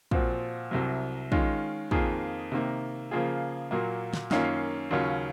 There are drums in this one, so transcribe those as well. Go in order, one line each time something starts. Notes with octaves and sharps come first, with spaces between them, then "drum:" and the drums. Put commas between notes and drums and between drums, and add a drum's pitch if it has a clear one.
A#2 F3 C4 F#4, drum: kick
C2 C3 F#3
D#3 G#3 C#4 F4, drum: kick
F2 D#3 A#3 F4 G#4, drum: kick
C3 D#3 A#3
C#3 F3 A#3 F4 G#4
A#2 F#3 A#3
drum: snare
F#2 D#3 A#3 C#4 F4, drum: snare
D#2 C#3 F#3 C#4 F4